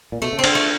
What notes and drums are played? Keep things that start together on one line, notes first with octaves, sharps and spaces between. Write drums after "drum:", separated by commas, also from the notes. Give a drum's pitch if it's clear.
A#2
B2 A3
C#3
C4
D3, drum: cymbal
A3